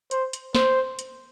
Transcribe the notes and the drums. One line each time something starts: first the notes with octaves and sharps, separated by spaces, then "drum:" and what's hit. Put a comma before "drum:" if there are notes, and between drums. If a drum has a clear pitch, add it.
C5, drum: hi-hat
drum: hi-hat
C5, drum: snare
drum: hi-hat